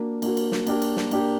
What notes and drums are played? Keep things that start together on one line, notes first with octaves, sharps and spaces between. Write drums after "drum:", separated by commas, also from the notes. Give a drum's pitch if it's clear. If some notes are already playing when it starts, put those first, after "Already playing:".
Already playing: A#3 D4 F#4 A#4
A#3 D4 F#4 A#4, drum: cymbal
drum: cymbal
drum: snare
A#3 D4 G4 A#4, drum: cymbal
drum: cymbal
drum: snare
A#3 D4 G4 A#4, drum: cymbal